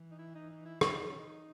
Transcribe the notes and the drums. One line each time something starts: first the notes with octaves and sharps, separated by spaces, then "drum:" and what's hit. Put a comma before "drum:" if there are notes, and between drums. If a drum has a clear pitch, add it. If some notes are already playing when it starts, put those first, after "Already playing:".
Already playing: E3
D#4
E4
D#4
D#4
E4
E4, drum: rim click
D#4
C#4
D#4